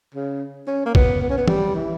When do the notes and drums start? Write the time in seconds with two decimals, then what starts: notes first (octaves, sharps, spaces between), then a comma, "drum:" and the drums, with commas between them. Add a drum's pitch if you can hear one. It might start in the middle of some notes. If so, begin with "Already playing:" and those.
0.14 C#3
0.68 C#4
0.86 A#3
0.95 B3, drum: kick
1.21 B3
1.30 C#4
1.38 B3
1.48 G3, drum: tom E3
1.75 E3